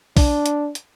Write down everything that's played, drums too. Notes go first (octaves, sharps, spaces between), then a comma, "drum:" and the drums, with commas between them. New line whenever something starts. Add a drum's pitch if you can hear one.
D4, drum: kick, open hi-hat
drum: hi-hat
drum: hi-hat